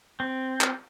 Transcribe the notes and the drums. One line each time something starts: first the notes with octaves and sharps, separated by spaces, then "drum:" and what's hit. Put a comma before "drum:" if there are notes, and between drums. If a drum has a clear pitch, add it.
C4
drum: clap